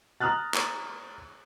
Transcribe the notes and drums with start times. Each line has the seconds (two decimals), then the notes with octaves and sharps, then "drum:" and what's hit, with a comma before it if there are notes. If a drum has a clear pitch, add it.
0.20 A#5 D#6 F6 F#6 A6
0.54 drum: clap